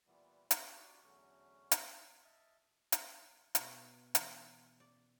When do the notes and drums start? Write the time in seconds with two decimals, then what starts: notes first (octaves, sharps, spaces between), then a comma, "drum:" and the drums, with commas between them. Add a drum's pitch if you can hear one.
0.07 A#2 E3 G3 B3
0.51 D4 F#4 G4 B4 D5, drum: hi-hat
1.03 E2 D3 F#3 A3 C#4 F#4
1.71 drum: hi-hat
2.24 D#5 E5 A5 F6
2.92 drum: hi-hat
3.55 B2, drum: hi-hat
4.15 E3, drum: hi-hat
4.80 D5